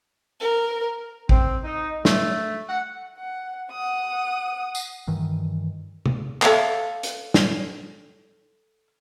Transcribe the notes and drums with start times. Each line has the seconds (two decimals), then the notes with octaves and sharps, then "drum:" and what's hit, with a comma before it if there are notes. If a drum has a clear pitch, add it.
0.40 A#4
1.29 C4, drum: kick A1
1.64 D#4
2.05 A3, drum: snare
2.69 F#5
3.16 F#5
3.71 F#5 D#6
4.75 drum: tambourine
5.07 G2 D#3 E3
6.06 drum: tom C3
6.42 A4 C#5 E5 F5, drum: clap
7.03 drum: hi-hat
7.34 drum: snare